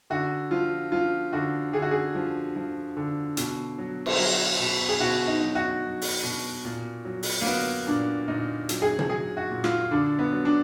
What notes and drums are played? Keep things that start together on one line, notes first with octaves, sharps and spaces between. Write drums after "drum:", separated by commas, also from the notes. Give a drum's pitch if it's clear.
D3 F#4
F3 F4
F3 F4
D3 F#4
D3 G#4
F#4
G#4
F3
F3
D3
B2, drum: hi-hat
F#3
drum: cymbal
F#3
B2
G#4
B2 F#4
D#4
F#3
F#4
F#3
drum: open hi-hat
B2
A#2
F#3
drum: open hi-hat
A#3
F#3 B3
A#2 D4
A#2 D#4
F#3, drum: hi-hat
G#4
drum: tom
F#3 G#4
F#4
A#2
F4, drum: rim click
D3 D4
B3
F#3
D4